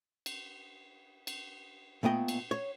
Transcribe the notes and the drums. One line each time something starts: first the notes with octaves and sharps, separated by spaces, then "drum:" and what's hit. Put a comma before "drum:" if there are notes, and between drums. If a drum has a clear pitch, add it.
drum: cymbal
drum: cymbal
A#2 A3 B3 D#5 G5
drum: cymbal
C#5